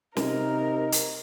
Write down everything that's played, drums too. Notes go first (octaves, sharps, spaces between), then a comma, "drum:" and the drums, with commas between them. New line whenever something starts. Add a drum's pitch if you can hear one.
C3 D#4 A#4, drum: snare
drum: hi-hat